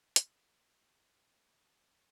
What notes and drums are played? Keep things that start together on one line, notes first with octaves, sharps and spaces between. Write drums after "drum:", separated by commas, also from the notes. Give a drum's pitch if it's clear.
C#3 D#4, drum: hi-hat
G#3
G#3
C#3
C#3
G#3
G#3 D#4
C#3 C#4 F4
C#4 F4
C#3 D#4
G#3 C#4